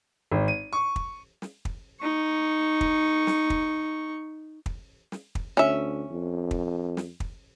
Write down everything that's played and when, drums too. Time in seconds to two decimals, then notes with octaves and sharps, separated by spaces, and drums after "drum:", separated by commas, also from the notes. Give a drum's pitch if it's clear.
0.32 G#1
0.48 D#7
0.73 C#6
0.96 drum: kick
1.42 drum: snare
1.65 drum: kick
2.00 D#4 C#6
2.81 drum: kick
3.27 drum: snare
3.50 drum: kick
4.66 drum: kick
5.12 drum: snare
5.35 drum: kick
5.57 D2 C#4 E5
6.11 F2
6.51 drum: kick
6.97 drum: snare
7.20 drum: kick